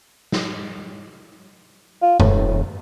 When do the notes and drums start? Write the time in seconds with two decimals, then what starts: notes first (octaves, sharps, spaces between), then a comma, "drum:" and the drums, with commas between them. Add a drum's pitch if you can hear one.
0.32 drum: snare
2.02 F4
2.20 E1 A2, drum: tom F#2